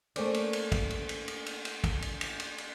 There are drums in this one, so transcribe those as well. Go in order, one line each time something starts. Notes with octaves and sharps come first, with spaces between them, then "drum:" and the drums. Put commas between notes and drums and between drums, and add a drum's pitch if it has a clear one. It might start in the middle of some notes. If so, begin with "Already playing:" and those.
A3 A#3 C#4 C5 D5, drum: cymbal
drum: cymbal
drum: cymbal
drum: kick, cymbal
drum: cymbal
drum: cymbal
drum: cymbal
drum: cymbal
drum: cymbal
drum: kick, cymbal
drum: cymbal
drum: cymbal
drum: cymbal
drum: cymbal